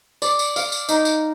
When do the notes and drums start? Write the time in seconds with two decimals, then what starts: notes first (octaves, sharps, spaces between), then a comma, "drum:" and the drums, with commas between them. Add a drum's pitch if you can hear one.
0.22 D5, drum: tambourine
0.39 drum: tambourine
0.56 F5, drum: tambourine
0.72 drum: tambourine
0.89 D#4, drum: tambourine
1.05 drum: tambourine